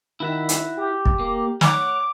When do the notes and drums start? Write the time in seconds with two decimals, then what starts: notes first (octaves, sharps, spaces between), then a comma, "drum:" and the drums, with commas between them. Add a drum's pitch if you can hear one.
0.20 D#3 E4 F#4 E5
0.49 drum: hi-hat
0.77 G4
1.05 drum: kick
1.19 A#3
1.61 C#5 F#5 D6, drum: snare